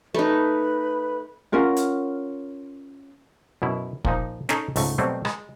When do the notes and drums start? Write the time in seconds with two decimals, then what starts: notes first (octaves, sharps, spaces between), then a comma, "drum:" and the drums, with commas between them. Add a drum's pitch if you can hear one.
0.14 A3 D#4 B4 B5
1.52 C#4 F4 A#4 F#5
1.76 drum: hi-hat
3.62 F#2 B2 E4
4.05 A#2 F3 D#4, drum: kick
4.49 C#4 D#4 A4 C#5, drum: snare
4.76 C#2 G#2 A3, drum: open hi-hat
4.98 B2 F#3 G3 A3 C4
5.25 G#3, drum: rim click